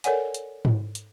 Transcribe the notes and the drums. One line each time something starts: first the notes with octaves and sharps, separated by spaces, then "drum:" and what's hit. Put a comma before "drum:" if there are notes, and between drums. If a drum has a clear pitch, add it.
A4 A#4 C#5 D5 F#5 G#5, drum: hi-hat
drum: hi-hat
drum: tom G#2
drum: hi-hat